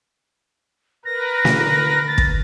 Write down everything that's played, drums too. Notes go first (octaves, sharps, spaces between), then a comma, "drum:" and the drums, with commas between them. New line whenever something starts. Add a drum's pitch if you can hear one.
A#4 B4 A#6
D3, drum: snare
A6
drum: kick